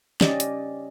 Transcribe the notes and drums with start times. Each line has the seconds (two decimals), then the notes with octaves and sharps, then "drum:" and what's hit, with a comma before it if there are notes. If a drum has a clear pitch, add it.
0.21 C#4 G4 D5 D#5, drum: snare
0.40 drum: hi-hat